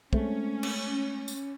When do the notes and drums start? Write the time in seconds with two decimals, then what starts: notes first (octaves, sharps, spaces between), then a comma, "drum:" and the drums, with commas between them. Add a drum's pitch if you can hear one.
0.13 G#3 A3 C4 C#4, drum: kick
0.63 drum: cymbal
1.28 drum: tambourine